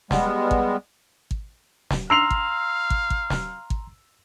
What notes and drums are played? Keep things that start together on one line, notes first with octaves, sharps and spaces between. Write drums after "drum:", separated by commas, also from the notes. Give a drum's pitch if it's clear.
G3 G#3 B3, drum: snare
drum: kick
drum: kick
drum: snare
F5 A#5 C6 E6 C7 F7
drum: kick
drum: kick
drum: kick
drum: snare
drum: kick